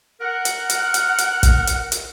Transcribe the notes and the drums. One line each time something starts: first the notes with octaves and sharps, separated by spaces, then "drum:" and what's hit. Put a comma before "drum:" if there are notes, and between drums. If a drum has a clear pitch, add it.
A#4 F#5
drum: hi-hat
drum: hi-hat
drum: hi-hat
drum: hi-hat
drum: kick, hi-hat
drum: hi-hat
drum: hi-hat